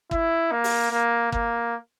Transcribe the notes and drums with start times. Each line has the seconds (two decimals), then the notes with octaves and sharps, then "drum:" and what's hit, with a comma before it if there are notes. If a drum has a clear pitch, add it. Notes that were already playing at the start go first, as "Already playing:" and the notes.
0.11 E4, drum: kick
0.52 A#3
0.64 drum: open hi-hat
0.92 A#3
1.33 A#3, drum: kick